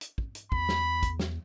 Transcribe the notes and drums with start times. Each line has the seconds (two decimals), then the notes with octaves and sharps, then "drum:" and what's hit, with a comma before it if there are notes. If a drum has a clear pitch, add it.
0.01 drum: hi-hat
0.18 drum: kick
0.35 drum: hi-hat
0.52 E2 B5, drum: kick
0.69 drum: snare
1.03 drum: kick, hi-hat
1.20 drum: snare